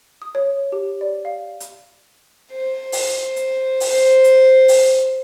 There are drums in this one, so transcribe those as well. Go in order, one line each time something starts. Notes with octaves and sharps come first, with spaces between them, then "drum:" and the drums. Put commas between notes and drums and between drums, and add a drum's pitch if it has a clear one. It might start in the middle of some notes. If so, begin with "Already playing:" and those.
D#6
C#5
G4
D5
F5
drum: hi-hat
C5
drum: open hi-hat
drum: hi-hat
drum: open hi-hat
C5
drum: hi-hat
drum: open hi-hat